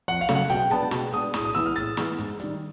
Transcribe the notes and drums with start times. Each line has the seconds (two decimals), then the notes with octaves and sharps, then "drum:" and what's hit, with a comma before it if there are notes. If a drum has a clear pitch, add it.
0.08 F2 F#5, drum: hi-hat
0.21 F5
0.29 C#3 F#3 A3, drum: snare
0.35 F#5
0.50 B2 G5, drum: hi-hat
0.70 G#3 B3 D4 A5, drum: hi-hat
0.91 B2, drum: snare
1.12 G#3 B3 D4 D#6, drum: hi-hat
1.34 A2 D#6, drum: snare
1.45 D#6
1.55 E3 G#3 B3 E4 E6, drum: hi-hat
1.66 F6
1.76 A2 A6, drum: hi-hat
1.97 E3 G#3 B3 E4, drum: snare
2.19 G#2, drum: hi-hat
2.40 D#3 G3, drum: hi-hat